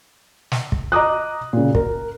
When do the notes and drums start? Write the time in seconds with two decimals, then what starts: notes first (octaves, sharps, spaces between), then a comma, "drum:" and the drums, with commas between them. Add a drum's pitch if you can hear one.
0.52 drum: snare
0.72 drum: kick
0.92 D#5 A#5 D6 D#6 F#6
1.53 A#2 C#3
1.75 A#4, drum: kick